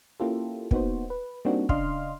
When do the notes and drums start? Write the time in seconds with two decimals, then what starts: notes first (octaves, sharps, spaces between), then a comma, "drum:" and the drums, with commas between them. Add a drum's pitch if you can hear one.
0.20 A#3 C#4 E4 F4 G4 A4
0.71 A#3 B3 D#4 F#4 C5, drum: kick
1.10 B4
1.45 G3 A#3 C4 D4 D#4 F#4
1.69 C#3 D4 D#5 F5 C6 F6, drum: kick